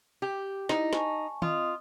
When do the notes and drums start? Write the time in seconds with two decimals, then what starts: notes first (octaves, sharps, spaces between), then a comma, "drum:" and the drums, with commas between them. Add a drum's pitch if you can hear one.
0.22 G4
0.69 D#4 E4, drum: snare
0.93 G#5 A5 C#6, drum: snare
1.42 C4 F4 D#5 D#6, drum: tom D#3